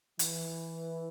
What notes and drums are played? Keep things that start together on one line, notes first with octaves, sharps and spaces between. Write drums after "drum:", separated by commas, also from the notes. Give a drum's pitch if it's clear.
E3, drum: hi-hat